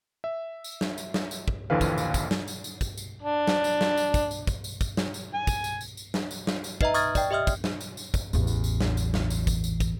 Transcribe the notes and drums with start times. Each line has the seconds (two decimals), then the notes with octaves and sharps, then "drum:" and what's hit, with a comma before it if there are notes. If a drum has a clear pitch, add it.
0.24 E5
0.64 drum: tambourine
0.81 drum: snare
0.98 drum: tambourine
1.14 drum: snare
1.31 drum: tambourine
1.48 drum: kick
1.70 A#1 D#2 D3 E3 B4 F5
1.81 drum: kick, tambourine
1.98 drum: tambourine
2.14 drum: kick, tambourine
2.31 drum: snare
2.48 drum: tambourine
2.64 drum: tambourine
2.81 drum: kick, tambourine
2.98 drum: tambourine
3.22 D4
3.47 drum: snare
3.64 drum: tambourine
3.81 drum: snare
3.97 drum: tambourine
4.14 drum: kick, tambourine
4.31 drum: tambourine
4.47 drum: kick, tambourine
4.64 drum: tambourine
4.81 drum: kick, tambourine
4.97 drum: snare
5.14 drum: tambourine
5.34 G#5
5.47 drum: kick, tambourine
5.64 drum: tambourine
5.81 drum: tambourine
5.97 drum: tambourine
6.14 drum: snare
6.31 drum: tambourine
6.47 drum: snare
6.64 drum: tambourine
6.81 D#4 B4 D#5 E5 A#5, drum: kick
6.94 C#6 D#6 F6 G#6 A6, drum: tambourine
7.15 D5 G5, drum: kick, tambourine
7.31 G4 D#5 E5 D#6 F6
7.47 drum: kick, tambourine
7.64 drum: snare
7.81 drum: tambourine
7.97 drum: tambourine
8.14 drum: kick, tambourine
8.33 A1 E2, drum: tambourine
8.47 drum: tambourine
8.64 drum: tambourine
8.80 drum: snare
8.97 drum: tambourine
9.14 drum: snare
9.30 drum: tambourine
9.47 drum: kick, tambourine
9.64 drum: tambourine
9.80 drum: kick, tambourine